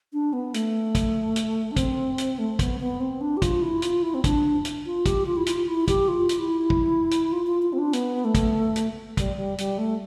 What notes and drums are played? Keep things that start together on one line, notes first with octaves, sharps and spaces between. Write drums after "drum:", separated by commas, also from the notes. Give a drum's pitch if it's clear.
D4
B3
A3, drum: hi-hat
drum: kick, hi-hat
drum: hi-hat
D4
C4, drum: kick, hi-hat
drum: hi-hat
A3
B3, drum: kick, hi-hat
B3
C4
D4
G4
F4, drum: kick, hi-hat
E4
F4, drum: hi-hat
E4
C4
D4, drum: kick, hi-hat
drum: hi-hat
F4
G4, drum: kick, hi-hat
F4
E4
F4, drum: hi-hat
E4
G4, drum: kick, hi-hat
F4
drum: hi-hat
E4
drum: kick
drum: hi-hat
F4
F4
F4
C4
D4
B3, drum: hi-hat
A3
drum: kick, hi-hat
drum: hi-hat
G3, drum: kick, hi-hat
G3
G3, drum: hi-hat
A3